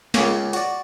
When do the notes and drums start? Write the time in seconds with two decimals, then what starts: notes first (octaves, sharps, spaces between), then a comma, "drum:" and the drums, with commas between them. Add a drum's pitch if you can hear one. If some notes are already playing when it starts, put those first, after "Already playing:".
0.14 C#2 C#3 A#3 C#4 F5, drum: snare
0.53 F#4 D5, drum: hi-hat